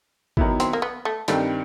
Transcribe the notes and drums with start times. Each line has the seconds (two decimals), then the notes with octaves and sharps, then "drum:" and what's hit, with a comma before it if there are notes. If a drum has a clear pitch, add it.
0.37 D#3 F#3 B3 E4, drum: kick G#1
0.60 C4, drum: hi-hat
0.73 A#3
0.82 B3
1.05 A3
1.28 G2 D#3 G3 A3 C4, drum: hi-hat